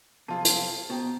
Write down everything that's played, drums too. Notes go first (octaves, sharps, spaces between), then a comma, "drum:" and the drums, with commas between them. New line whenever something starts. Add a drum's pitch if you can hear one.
B1 F2 C3 C4 F4 G#4 A5
drum: hi-hat
B2 C5 G5 A#5